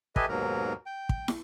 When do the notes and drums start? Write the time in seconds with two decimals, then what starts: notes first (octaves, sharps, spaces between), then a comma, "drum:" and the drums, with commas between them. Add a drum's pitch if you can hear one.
0.16 G4 A4 B4 D#5 E5 G#5, drum: kick
0.28 D#2 G#2 B2 F#3 A#4
0.86 G5
1.09 drum: kick
1.28 drum: snare